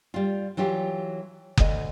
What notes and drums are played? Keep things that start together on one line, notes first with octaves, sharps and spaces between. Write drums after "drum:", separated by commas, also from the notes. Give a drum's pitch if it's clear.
G3 F4
E3 F#3 F4 G4
D2 D#5, drum: kick F#1